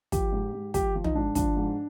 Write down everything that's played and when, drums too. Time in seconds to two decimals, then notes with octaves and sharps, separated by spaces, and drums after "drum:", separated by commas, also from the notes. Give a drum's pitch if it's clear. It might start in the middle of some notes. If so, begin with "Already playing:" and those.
0.12 F3 G4, drum: kick, hi-hat
0.32 G#2
0.53 G#2
0.74 F3 G4, drum: kick, hi-hat
0.95 F3
1.04 D#4, drum: tom
1.15 G#2 D4
1.35 F3 D4, drum: kick, hi-hat
1.56 G#2